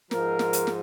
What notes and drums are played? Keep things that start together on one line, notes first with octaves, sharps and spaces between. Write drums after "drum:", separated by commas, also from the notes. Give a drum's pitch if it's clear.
G#2 F3 A#4, drum: snare
drum: snare
drum: hi-hat
drum: snare